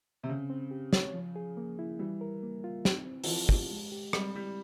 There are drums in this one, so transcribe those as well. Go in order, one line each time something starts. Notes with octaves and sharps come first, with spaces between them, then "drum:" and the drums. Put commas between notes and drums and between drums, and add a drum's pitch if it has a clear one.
C3
C#3 C4
C4
G4
C#5, drum: snare
F3
G#4
A#3
E4
E3 G3
A#4
A#3
F4
C4, drum: snare
C4
E3, drum: open hi-hat
F3 E4
G4, drum: kick
G#3
G4
G3 C4, drum: rim click
G3 E4